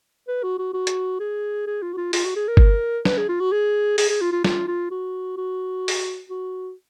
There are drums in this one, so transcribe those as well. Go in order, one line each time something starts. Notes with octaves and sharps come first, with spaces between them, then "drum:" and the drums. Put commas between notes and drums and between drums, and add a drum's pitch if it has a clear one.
B4
F#4
F#4
F#4
drum: hi-hat
G#4
G#4
F4
F#4
F4
F4, drum: open hi-hat
F#4
G#4
A#4
drum: kick G1
B4, drum: snare
G#4
F4
F#4
G#4
G#4, drum: open hi-hat
G#4
F4
F4
F4, drum: snare
F4
F#4
F#4
drum: open hi-hat
F#4